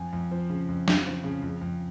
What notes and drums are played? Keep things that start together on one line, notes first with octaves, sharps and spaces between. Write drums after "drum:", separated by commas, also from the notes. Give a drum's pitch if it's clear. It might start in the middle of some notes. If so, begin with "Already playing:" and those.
Already playing: F2 G#5
F2
F3
C#3
F2
F2, drum: snare
F3
C#3
F2
F2